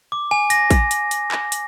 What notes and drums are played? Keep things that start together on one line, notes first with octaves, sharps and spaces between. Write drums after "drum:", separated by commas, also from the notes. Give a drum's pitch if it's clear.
D6
G#5
A#6, drum: hi-hat
drum: kick A1, hi-hat
drum: hi-hat
drum: hi-hat
drum: clap
drum: hi-hat